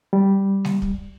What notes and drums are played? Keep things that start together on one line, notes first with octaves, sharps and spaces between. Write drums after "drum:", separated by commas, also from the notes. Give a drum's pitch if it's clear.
G3
drum: snare G#3
drum: kick